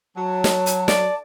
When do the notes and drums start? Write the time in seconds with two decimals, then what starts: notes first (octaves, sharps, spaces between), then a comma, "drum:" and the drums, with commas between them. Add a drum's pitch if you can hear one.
0.17 F#3 A5
0.44 drum: snare
0.66 drum: hi-hat
0.88 D5, drum: snare